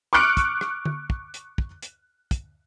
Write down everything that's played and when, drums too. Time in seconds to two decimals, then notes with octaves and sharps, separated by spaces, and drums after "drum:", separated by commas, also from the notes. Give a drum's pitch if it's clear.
0.13 C#6 D6 F6 F#6 C#7 D7
0.37 drum: kick, hi-hat
0.61 drum: rim click
0.85 drum: tom D3
1.10 drum: kick
1.34 drum: hi-hat
1.58 drum: kick
1.82 drum: hi-hat
2.31 drum: kick, hi-hat